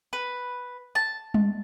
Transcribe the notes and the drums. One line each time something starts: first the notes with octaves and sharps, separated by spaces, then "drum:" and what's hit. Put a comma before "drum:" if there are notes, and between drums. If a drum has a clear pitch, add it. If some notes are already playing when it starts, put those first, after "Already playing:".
B4
A5
drum: tom G3